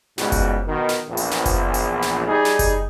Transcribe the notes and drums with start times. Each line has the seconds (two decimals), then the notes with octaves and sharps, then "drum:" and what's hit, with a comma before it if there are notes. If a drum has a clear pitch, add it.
0.18 C#2 G#2 B2 G3 G#3 F#4, drum: snare
0.32 drum: kick F#1, hi-hat
0.67 B2 D#3
0.89 drum: snare
1.08 A#1 E2
1.17 drum: hi-hat
1.31 drum: snare
1.46 drum: kick F#1, hi-hat
1.74 drum: hi-hat
2.02 drum: snare
2.26 G3 D#4 G#4
2.45 drum: snare
2.59 drum: kick F#1, hi-hat